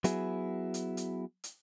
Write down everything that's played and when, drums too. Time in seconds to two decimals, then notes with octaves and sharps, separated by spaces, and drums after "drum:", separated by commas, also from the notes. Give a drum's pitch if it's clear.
0.04 F#3 B3 E4 F#4 G#4, drum: hi-hat
0.74 drum: hi-hat
0.97 drum: hi-hat
1.44 drum: hi-hat